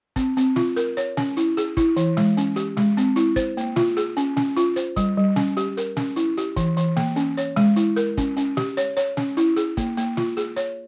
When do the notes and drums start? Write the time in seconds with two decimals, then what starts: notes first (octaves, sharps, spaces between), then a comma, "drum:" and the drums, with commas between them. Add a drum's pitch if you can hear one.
0.16 C4, drum: kick, hi-hat
0.37 C4, drum: hi-hat
0.56 F4, drum: snare
0.77 A#4, drum: hi-hat
0.97 C#5, drum: hi-hat
1.17 C#4, drum: snare
1.37 E4, drum: hi-hat
1.57 G#4, drum: hi-hat
1.77 E4, drum: kick, hi-hat
1.97 E3, drum: hi-hat
2.17 G#3, drum: snare
2.37 C#4, drum: hi-hat
2.56 G4, drum: hi-hat
2.77 G#3, drum: snare
2.97 C4, drum: hi-hat
3.16 E4, drum: hi-hat
3.36 C5, drum: kick, hi-hat
3.57 A#3, drum: hi-hat
3.76 F4, drum: snare
3.97 G#4, drum: hi-hat
4.17 C#4, drum: hi-hat
4.37 C#4, drum: snare
4.57 F4, drum: hi-hat
4.76 C5, drum: hi-hat
4.96 G3, drum: kick, hi-hat
5.17 G3
5.36 C#4, drum: snare
5.57 G4, drum: hi-hat
5.77 A#4, drum: hi-hat
5.97 C#4, drum: snare
6.16 E4, drum: hi-hat
6.37 G4, drum: hi-hat
6.56 E3, drum: kick, hi-hat
6.77 E3, drum: hi-hat
6.97 A#3, drum: snare
7.16 C#4, drum: hi-hat
7.37 C#5, drum: hi-hat
7.56 G#3, drum: snare
7.76 E4, drum: hi-hat
7.96 A#4, drum: hi-hat
8.18 C#4, drum: kick, hi-hat
8.37 C#4, drum: hi-hat
8.57 G4, drum: snare
8.77 C#5, drum: hi-hat
8.97 C#5, drum: hi-hat
9.17 C#4, drum: snare
9.37 E4, drum: hi-hat
9.56 G#4, drum: hi-hat
9.77 A#3, drum: kick, hi-hat
9.97 A#3, drum: hi-hat
10.17 F4, drum: snare
10.37 G#4, drum: hi-hat
10.56 C#5, drum: hi-hat